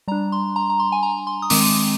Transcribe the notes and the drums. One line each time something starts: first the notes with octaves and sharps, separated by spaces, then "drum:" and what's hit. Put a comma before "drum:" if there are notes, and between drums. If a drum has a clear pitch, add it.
G3 D4 A#5
C6
A#5
A#5
C6
G#5
A#5
C6
D#6
D#3 G#3 C4 D6, drum: open hi-hat